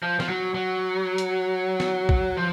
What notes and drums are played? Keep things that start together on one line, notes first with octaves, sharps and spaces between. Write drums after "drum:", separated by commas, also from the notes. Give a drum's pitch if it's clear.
F3
F3, drum: snare
F#3
F#3
drum: hi-hat
drum: snare
drum: kick A#1
F3